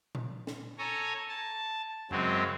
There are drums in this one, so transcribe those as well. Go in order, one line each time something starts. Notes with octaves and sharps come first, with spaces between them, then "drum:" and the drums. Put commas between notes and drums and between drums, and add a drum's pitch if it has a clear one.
drum: tom A#2
drum: snare
A4 C#5 G#5 A#5
A5
F#2 C#3 F#3 G#3 C4, drum: tom F2